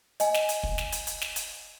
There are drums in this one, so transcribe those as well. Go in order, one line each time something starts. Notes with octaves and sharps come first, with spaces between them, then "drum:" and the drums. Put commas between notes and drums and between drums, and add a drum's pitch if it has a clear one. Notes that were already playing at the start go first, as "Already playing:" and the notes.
D#5 G#5, drum: hi-hat
drum: snare
drum: hi-hat
drum: kick
drum: snare
drum: hi-hat
drum: hi-hat
drum: snare
drum: hi-hat